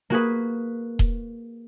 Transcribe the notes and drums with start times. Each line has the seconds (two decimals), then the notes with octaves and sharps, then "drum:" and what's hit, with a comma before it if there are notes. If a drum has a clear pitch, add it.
0.10 A#3 F#4 G#4 B4
0.99 drum: kick D#1